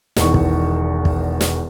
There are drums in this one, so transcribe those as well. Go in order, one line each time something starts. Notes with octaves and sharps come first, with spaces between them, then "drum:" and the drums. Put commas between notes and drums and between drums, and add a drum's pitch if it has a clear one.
E1 E2 D#3 C#6, drum: snare
drum: kick
drum: kick
drum: snare